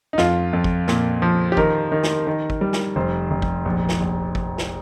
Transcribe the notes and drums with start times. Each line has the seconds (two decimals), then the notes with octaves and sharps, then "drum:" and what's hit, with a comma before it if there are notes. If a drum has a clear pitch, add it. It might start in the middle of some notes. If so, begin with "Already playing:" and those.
0.13 D#4
0.18 F2 F4, drum: snare
0.53 F2
0.64 drum: kick
0.88 A#2, drum: snare
1.22 F3
1.52 G4
1.57 D#3 A#4, drum: kick
1.92 D#3
2.03 drum: snare
2.27 D#3
2.50 drum: kick
2.61 G3
2.73 drum: snare
2.96 F1 C5
3.31 F1
3.42 drum: kick
3.65 A#1
3.89 drum: snare
4.00 A#1
4.35 drum: kick
4.58 drum: snare